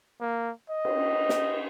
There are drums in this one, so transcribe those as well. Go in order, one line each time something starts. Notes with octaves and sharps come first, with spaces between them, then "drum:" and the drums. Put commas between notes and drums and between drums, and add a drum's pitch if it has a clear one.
A#3
D#5
drum: cymbal
drum: snare